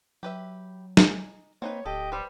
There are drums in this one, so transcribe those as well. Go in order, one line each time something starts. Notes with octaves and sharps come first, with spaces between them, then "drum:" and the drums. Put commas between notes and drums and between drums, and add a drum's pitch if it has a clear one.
F#3 G4 B4 E5
D#4 G#5, drum: snare
A#3 C4 D#4 B4 C#5
D1 G4 A4 D#5
G3 B4 C5